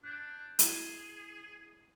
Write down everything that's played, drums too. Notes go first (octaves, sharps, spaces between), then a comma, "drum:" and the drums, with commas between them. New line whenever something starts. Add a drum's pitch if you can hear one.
D4 F#6 G6 A6
E4 G#4 E7 G7, drum: hi-hat